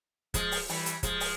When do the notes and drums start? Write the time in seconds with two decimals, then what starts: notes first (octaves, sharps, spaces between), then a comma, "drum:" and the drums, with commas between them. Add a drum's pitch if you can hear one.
0.34 F3 G#3, drum: kick, hi-hat
0.52 drum: open hi-hat
0.69 E3 G3, drum: open hi-hat
0.86 drum: hi-hat
1.03 F3 G#3, drum: kick, hi-hat
1.20 drum: open hi-hat